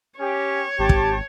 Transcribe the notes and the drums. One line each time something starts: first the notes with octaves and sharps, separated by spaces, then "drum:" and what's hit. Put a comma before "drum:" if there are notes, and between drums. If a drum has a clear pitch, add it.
C#4 G4 C#5
G#1 G4 G5 A5
drum: kick